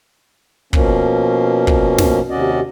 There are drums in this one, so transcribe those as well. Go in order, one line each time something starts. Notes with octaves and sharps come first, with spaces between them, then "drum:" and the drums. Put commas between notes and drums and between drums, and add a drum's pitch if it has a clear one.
B2 F3 A#3 C#4, drum: kick
drum: kick
drum: snare
D#2 C3 C#4 F#4 D5 D#5